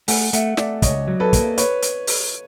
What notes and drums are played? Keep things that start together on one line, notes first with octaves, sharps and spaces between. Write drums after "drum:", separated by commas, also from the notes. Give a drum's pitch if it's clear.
A3 F#5 G#5, drum: open hi-hat
A3 E5 F#5, drum: hi-hat
A3 D5 E5, drum: snare
C#2 C#5 D#5, drum: kick, hi-hat
F#3
A4 B4
A#3, drum: kick, hi-hat
B4 C#5, drum: hi-hat
drum: hi-hat
drum: open hi-hat